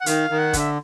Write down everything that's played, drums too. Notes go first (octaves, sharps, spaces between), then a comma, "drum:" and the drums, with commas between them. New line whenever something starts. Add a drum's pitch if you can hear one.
F#5
D#3 F5, drum: hi-hat
D#3
F#5
D3, drum: kick, hi-hat
E5